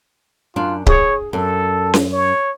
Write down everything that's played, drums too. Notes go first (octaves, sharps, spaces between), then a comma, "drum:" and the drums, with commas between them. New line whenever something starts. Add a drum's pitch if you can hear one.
F#2 D4 F4
G#4 C#5, drum: kick C#1
F#2 A4
drum: snare C#4
C#5